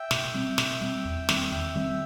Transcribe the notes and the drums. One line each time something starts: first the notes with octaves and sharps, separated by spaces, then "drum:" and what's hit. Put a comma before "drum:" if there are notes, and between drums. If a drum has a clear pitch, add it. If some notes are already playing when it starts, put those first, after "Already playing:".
Already playing: E5 G5
B2, drum: snare
G3 C4
B2, drum: snare
G3 C4
E2
D#3 G3 C4, drum: snare
E2 E5 G5
D#3 G3 C4